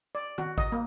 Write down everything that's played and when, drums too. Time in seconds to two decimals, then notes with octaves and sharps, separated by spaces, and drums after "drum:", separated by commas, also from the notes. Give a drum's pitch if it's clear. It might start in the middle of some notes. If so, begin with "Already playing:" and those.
0.15 D5
0.38 F#4, drum: tom D#3
0.58 D#5, drum: kick
0.72 A#3